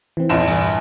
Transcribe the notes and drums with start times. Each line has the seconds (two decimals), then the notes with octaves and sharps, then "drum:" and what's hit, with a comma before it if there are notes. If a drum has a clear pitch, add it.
0.17 E3 C4
0.29 A#1 E2 E7, drum: hi-hat
0.47 G2, drum: open hi-hat